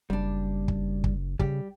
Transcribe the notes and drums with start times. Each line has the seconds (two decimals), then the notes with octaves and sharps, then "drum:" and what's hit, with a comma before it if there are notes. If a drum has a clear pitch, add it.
0.10 F#1 G3 D4
0.68 drum: kick
1.04 drum: kick
1.39 C#3 G3 G4, drum: kick